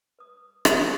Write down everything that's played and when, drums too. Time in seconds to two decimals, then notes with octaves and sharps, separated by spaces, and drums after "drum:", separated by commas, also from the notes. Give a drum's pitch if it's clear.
0.19 B4 D#6
0.65 G4 A4 B4 F5 A#5 C6, drum: rim click